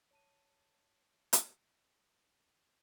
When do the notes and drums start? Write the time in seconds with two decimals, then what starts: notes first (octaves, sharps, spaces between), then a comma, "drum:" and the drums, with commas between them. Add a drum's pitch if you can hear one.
0.11 C#5 A5 D#7
1.33 drum: hi-hat